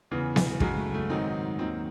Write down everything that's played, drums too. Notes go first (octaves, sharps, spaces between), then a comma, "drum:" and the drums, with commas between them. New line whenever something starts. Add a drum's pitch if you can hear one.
E2 C#3 E3
drum: snare B3
F#2 C#3 F#3 G#3, drum: kick
A3
A3
G#2 D#3 F#3 C4 D#4
D#2 D#3 F#3 C4 D#4